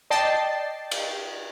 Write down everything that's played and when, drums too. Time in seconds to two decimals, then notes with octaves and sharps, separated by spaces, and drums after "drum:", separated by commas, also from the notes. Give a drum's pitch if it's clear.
0.10 D5 D#5 G5 A5 A6 C7
0.91 drum: cymbal